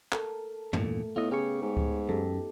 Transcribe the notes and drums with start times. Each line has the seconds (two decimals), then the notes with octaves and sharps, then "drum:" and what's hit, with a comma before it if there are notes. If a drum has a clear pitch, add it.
0.12 A4 A#4, drum: clap
0.73 E2 G2 A#2 A3, drum: tom
1.16 A2 B3 F4 D#5
1.31 C#3 G4 G#4 C#5
1.62 G#2
1.77 drum: kick C#2
2.09 F#2 D#4 G4 A4